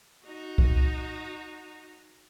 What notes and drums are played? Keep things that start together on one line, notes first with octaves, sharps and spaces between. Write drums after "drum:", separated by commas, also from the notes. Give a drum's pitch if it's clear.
D#4 F#4
drum: kick C2